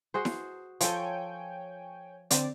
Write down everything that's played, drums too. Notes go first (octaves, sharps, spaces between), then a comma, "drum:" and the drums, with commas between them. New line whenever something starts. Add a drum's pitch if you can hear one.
F#4 G#4 C5
drum: snare E4
F3 A4 C#5 G5 G#5, drum: hi-hat
D3 C4 D5, drum: hi-hat